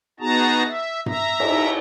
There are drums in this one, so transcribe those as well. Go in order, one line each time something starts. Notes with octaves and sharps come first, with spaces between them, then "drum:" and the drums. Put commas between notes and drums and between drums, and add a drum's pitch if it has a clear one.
B3 D#4 F#4 G#4 A5 A#5
E5
E5 A#5, drum: tom G2
drum: cymbal